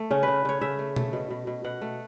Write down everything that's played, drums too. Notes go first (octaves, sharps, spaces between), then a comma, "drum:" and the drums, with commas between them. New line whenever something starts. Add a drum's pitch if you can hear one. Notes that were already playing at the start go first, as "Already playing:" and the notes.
Already playing: A3
C#3 C#4
C#3 B4
C#3 C#5
C#3 E5
A3
A3, drum: tom B2
B2
B2
B2
B2 F#5
A3